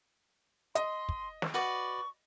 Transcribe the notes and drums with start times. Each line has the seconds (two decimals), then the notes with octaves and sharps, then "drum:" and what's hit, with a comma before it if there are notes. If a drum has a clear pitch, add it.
0.75 D#5 C6, drum: hi-hat
1.09 drum: kick
1.42 drum: snare
1.54 F#4 B4 D5 C#6